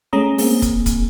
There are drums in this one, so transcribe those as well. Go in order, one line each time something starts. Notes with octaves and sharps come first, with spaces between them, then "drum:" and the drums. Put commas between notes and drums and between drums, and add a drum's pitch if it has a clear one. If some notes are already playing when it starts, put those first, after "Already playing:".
G#3 A3 C#4 A#5 D#6
A#3 C4 G#4, drum: open hi-hat
drum: kick, hi-hat
drum: kick, hi-hat